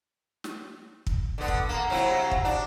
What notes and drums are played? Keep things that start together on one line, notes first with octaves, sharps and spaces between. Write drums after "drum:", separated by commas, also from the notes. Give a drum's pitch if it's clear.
drum: snare
drum: kick
D3 B3
drum: kick
A#3 F5 F#5 A#5
C3 F#3 E4
drum: kick
D4